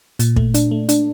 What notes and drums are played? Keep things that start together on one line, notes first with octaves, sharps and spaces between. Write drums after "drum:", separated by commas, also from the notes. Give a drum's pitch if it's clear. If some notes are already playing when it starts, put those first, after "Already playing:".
A#2, drum: hi-hat
A3, drum: kick
D4, drum: hi-hat
A3
D4, drum: hi-hat